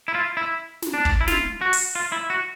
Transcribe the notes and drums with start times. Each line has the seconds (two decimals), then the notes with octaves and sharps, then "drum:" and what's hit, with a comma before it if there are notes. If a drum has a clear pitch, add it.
0.08 E4
0.15 F4
0.37 E4
0.82 drum: snare
0.94 D4
1.05 drum: kick
1.21 E4
1.28 F4, drum: snare
1.61 F#4
1.73 drum: open hi-hat
1.95 F4
2.12 E4
2.30 F#4